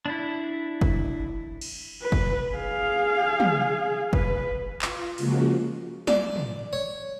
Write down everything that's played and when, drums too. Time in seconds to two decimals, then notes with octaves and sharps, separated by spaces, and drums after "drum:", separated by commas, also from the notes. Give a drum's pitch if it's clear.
0.06 D4 E4
0.81 drum: kick
1.61 drum: cymbal
2.02 B4
2.12 drum: kick
2.55 G#4 F5
3.40 drum: tom
4.13 B4, drum: kick
4.82 F4, drum: clap
5.18 C#3 F3 G#3 A#3 F#4, drum: open hi-hat
6.07 D5, drum: snare
6.36 drum: tom
6.73 C#5